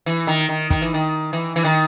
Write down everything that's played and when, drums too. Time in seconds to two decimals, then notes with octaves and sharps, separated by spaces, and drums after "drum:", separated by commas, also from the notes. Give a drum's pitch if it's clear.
0.06 E3, drum: hi-hat
0.27 D#3
0.38 drum: hi-hat
0.49 D#3
0.70 D#3, drum: kick, hi-hat
0.82 E3
0.94 D#3
1.33 E3
1.56 E3
1.65 D#3, drum: hi-hat